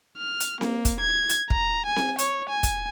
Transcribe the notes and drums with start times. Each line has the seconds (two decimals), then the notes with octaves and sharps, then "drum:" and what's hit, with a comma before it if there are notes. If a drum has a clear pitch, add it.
0.18 F6
0.40 drum: hi-hat
0.61 A#3, drum: snare C4
0.85 drum: kick, hi-hat
1.00 G#6
1.30 drum: hi-hat
1.50 A#5, drum: kick
1.86 G#5
1.96 drum: snare C4
2.19 C#5, drum: hi-hat
2.50 G#5
2.63 drum: kick, hi-hat